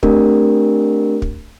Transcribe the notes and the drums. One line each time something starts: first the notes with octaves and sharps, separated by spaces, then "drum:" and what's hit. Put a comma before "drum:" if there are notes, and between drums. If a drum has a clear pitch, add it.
A3 C4 D4 G4 A#4, drum: kick
drum: kick